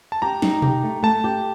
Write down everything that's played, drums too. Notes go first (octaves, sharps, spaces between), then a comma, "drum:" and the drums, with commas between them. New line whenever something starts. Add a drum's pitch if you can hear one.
A5
G4 A#5
D#4, drum: snare
G4, drum: tom B2
A3
A3 A5
G4